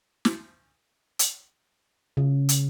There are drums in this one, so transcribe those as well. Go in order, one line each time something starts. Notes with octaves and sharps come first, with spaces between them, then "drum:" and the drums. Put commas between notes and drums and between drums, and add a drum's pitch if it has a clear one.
drum: snare
drum: hi-hat
C#3
drum: hi-hat